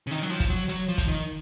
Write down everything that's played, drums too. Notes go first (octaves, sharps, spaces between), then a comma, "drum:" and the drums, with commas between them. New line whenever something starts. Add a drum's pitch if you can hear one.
C#3
D#3, drum: hi-hat
F#3
F3
drum: kick, hi-hat
F#3
F#3, drum: hi-hat
F3
drum: kick, hi-hat
D#3